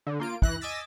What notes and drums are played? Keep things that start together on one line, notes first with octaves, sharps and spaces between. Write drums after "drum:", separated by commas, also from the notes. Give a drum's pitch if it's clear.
D3
A#3 F4 D7
E3 F#6 A#6, drum: kick
D#5 G#5 D6 E6 A6 B6